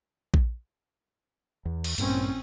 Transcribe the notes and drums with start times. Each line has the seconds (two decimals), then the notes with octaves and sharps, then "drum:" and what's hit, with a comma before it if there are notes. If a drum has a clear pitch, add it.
0.34 drum: kick A#1
1.65 E2
1.84 drum: cymbal
1.98 A1 G2 A#2 C4 C#4, drum: hi-hat